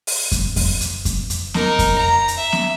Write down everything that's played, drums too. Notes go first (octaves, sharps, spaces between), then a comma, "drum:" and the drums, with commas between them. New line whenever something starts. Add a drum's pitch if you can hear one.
drum: open hi-hat
drum: kick F2, hi-hat
drum: kick F2, open hi-hat
drum: hi-hat
drum: kick F2, hi-hat
drum: hi-hat
D#4 A#4, drum: snare B3
drum: kick F2, hi-hat
A#5
drum: hi-hat
E5
drum: snare B3